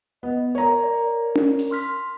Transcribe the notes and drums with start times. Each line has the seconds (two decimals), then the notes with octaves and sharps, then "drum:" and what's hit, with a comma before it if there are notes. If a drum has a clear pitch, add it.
0.23 B3 D#5
0.55 A#4 C#5 A#5
0.83 D5
1.35 drum: tom C#4
1.59 drum: open hi-hat
1.71 C6 F6 B6